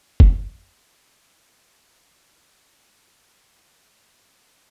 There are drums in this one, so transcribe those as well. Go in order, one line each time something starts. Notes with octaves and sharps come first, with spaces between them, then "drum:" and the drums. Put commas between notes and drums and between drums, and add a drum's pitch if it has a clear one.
drum: kick F#1
D1 C3 C6
D3 C4 D5
F#4 A#5
C6 C#6
B5
E4 F#4